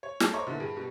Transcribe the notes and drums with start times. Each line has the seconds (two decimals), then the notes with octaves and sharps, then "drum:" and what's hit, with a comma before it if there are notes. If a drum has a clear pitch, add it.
0.03 C#5
0.20 A4, drum: snare
0.33 C5 C#5 D#5 A#5 C#6 D6
0.47 A#2 D3 F#3 B3 E4
0.60 G2 G#4
0.77 B2 G3